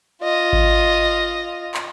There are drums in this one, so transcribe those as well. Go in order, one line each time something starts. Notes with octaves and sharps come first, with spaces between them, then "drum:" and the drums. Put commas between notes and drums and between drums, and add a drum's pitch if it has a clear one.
F4 D#5
drum: kick G#1
drum: clap